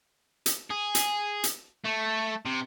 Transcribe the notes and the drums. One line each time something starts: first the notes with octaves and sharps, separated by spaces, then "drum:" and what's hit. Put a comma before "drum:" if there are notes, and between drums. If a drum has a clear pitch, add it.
drum: hi-hat
G#4
drum: hi-hat
drum: hi-hat
A3
C3